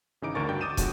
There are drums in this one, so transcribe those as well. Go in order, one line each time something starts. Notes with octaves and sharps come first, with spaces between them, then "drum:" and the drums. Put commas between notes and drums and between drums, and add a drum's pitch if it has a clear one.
G#1 C#3 E3 D#4 D6 D7
D2 D3 D4 A#4 C#6 A6
G2 F#4 G5 G6
D6 D#6 A6 D#7 E7
B2 D3 F3 G#3 F#4, drum: kick, hi-hat